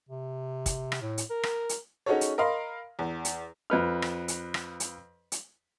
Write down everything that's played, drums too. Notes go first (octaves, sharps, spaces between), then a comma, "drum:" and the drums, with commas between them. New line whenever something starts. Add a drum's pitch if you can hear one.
C3
drum: kick, hi-hat
drum: rim click
A2
drum: hi-hat
A#4
drum: rim click
drum: hi-hat
C#4 D#4 F#4 G#4 A4 C#5
drum: hi-hat
A#4 D#5 F5 B5 C6
E2
drum: hi-hat
F2 B4 F6
drum: rim click
drum: hi-hat
drum: rim click
drum: hi-hat
drum: hi-hat